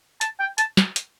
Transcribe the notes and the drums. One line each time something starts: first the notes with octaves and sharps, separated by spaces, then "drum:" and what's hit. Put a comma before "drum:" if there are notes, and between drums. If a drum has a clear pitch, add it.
A5, drum: hi-hat
G5
A5, drum: hi-hat
drum: snare
drum: hi-hat